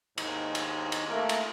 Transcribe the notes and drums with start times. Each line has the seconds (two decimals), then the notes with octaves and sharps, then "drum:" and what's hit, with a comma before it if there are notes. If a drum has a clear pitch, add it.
0.18 D#2 G#2 D#4, drum: cymbal
0.55 drum: cymbal
0.92 drum: cymbal
1.09 A3 A#3 A#4
1.29 drum: cymbal